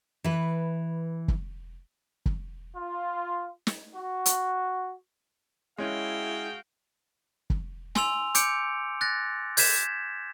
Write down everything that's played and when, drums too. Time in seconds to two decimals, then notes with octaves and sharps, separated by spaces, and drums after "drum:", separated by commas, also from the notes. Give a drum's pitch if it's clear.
0.24 E3 B4
1.28 drum: kick
2.26 drum: kick
2.76 F4
3.67 drum: snare
3.95 F#4
4.26 drum: hi-hat
5.79 G#3 C#4 E4 F#4 G#4 F5 G5
7.50 drum: kick
7.95 G#5 C6 E6 F7, drum: snare
8.35 D6 G6 C#7 D7, drum: hi-hat
9.01 F#6 A6 A#6
9.57 G6 G#6 B6 E7, drum: open hi-hat